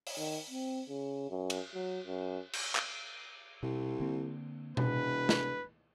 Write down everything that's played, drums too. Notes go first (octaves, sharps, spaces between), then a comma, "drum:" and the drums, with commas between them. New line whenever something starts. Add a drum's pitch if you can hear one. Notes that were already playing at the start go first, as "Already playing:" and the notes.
drum: open hi-hat
D#3
C4
C#3
F#2
drum: cymbal
F#3
F#2
drum: cymbal
drum: clap
C2 B2
D3 A#3 C4
E1 C3 B4, drum: tom B2
drum: snare